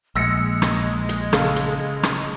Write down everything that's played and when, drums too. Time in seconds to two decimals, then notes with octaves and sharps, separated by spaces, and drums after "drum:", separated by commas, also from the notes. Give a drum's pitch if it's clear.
0.16 A#1 G#3 E6 A#6 C#7
0.62 drum: rim click
1.09 drum: hi-hat
1.33 C#3 A4 F5, drum: rim click
1.56 drum: hi-hat
2.03 drum: rim click